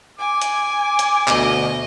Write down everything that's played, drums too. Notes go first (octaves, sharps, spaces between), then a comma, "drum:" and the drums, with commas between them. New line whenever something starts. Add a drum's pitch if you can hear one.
G#5 D6
drum: hi-hat
drum: hi-hat
D2 B2 D#5, drum: clap